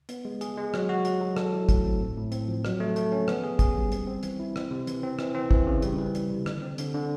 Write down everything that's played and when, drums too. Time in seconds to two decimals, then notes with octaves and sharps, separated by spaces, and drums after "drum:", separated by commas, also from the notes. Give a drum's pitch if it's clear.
0.09 B3, drum: hi-hat
0.25 G#3
0.41 G#4, drum: hi-hat
0.57 G#3
0.74 F#3, drum: rim click
0.89 F#4
1.05 F#3, drum: hi-hat
1.21 F#3
1.37 A4, drum: rim click
1.53 E4
1.69 A3, drum: kick, hi-hat
1.84 C4
2.00 A2
2.17 A2
2.32 C4, drum: hi-hat
2.48 F3
2.65 F#3, drum: rim click
2.80 A3
2.96 A3, drum: hi-hat
3.12 C#4
3.28 B3, drum: rim click
3.44 G#4
3.59 G#4, drum: kick, hi-hat
3.76 G3
3.92 C4, drum: hi-hat
4.07 C4
4.23 E3, drum: hi-hat
4.40 E4
4.56 C4, drum: rim click
4.71 C3
4.87 E3, drum: hi-hat
5.04 C4
5.19 E3, drum: rim click
5.35 C4
5.51 E3, drum: kick
5.67 C#3
5.82 G3, drum: hi-hat
5.98 E3
6.15 G3, drum: hi-hat
6.30 C3
6.46 D3, drum: rim click
6.62 C4
6.78 D3, drum: hi-hat
6.94 D3